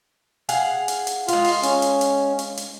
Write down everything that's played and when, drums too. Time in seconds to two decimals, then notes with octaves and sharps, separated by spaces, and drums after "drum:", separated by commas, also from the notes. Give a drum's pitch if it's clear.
0.49 G#4 F5 F#5, drum: hi-hat
0.88 drum: hi-hat
1.07 drum: hi-hat
1.28 G#3 F4 F5, drum: hi-hat
1.44 drum: open hi-hat
1.63 C#4, drum: hi-hat
1.82 drum: hi-hat
2.01 drum: hi-hat
2.39 drum: hi-hat
2.57 drum: hi-hat